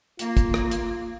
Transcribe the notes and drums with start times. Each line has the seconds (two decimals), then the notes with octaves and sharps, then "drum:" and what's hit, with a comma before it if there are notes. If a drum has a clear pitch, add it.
0.19 A#3 F4, drum: hi-hat
0.37 drum: kick, hi-hat
0.54 drum: rim click
0.71 drum: hi-hat